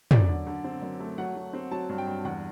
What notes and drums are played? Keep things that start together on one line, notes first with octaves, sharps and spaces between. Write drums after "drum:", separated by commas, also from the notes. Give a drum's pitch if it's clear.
F#2 D5, drum: tom
D3
D3
C4
F#2
A3
F#3 F#5
F#3
C4
F#3 A5
G2
G5
G2
E2 F#5